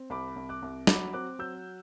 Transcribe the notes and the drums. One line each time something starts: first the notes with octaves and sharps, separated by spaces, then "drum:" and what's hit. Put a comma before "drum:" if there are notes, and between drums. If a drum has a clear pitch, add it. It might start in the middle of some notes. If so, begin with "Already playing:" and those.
Already playing: C4
C2 B5 D6
C2
D6 F#6
C2
F#3 B5 D6, drum: snare
C4 D6 F#6
F#3 E6 G6